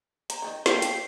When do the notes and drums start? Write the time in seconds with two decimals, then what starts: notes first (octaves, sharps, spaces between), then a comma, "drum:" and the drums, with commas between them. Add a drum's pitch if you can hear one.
0.30 A#5, drum: hi-hat
0.42 D#3 G4 D#5
0.66 A#3 F4 A4 G5 B6 C7, drum: snare
0.82 drum: hi-hat